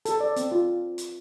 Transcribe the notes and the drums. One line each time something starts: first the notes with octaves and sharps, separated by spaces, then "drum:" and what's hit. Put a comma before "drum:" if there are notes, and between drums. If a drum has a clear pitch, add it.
A4, drum: hi-hat
D5
C4, drum: hi-hat
F4
drum: hi-hat